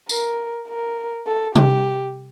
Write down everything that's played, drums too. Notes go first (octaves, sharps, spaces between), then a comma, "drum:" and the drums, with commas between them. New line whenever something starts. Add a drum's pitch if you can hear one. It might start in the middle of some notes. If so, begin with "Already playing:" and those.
A#4, drum: tambourine
A#4
A4
G4, drum: tom C3